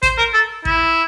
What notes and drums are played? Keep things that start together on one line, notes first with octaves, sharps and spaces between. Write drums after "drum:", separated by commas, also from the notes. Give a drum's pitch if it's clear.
C5, drum: kick A1, hi-hat
A#4
A4
E4, drum: kick A1